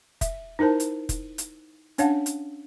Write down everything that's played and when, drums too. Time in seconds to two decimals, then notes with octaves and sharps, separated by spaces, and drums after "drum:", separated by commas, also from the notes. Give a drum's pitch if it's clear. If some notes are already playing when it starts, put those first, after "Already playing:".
0.21 E5, drum: kick F1, hi-hat
0.59 D#4 E4 A#4 C5 A5
0.80 drum: hi-hat
1.09 drum: kick F1, hi-hat
1.38 drum: hi-hat
1.98 C#4 D4 C#5 F5 F#5 A5, drum: hi-hat
2.26 drum: hi-hat